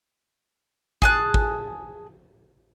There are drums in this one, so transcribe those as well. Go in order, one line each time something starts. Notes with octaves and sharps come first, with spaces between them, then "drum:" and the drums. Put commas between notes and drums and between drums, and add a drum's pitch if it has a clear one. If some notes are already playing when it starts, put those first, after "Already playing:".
G#4 A5 F#6, drum: kick
drum: kick